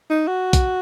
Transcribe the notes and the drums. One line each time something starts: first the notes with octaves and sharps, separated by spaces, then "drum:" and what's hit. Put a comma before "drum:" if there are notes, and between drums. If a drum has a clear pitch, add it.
D#4
F#4
drum: kick, hi-hat